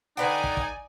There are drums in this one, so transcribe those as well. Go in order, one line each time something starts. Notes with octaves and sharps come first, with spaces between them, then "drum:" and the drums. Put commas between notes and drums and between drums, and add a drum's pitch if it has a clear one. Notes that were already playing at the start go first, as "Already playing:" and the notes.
D3 D#4 B4 D5 G5 G#5
drum: kick
drum: kick